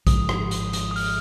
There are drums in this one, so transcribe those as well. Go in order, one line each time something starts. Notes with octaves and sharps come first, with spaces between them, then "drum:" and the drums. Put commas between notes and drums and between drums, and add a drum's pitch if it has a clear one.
G#1 G#2 F3 G#3 D#6, drum: kick A#1, hi-hat
drum: rim click
drum: hi-hat
drum: hi-hat
D#6
F6, drum: open hi-hat